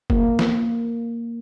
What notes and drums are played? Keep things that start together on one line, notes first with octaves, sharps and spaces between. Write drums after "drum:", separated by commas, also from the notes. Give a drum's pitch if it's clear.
A#3, drum: kick
drum: snare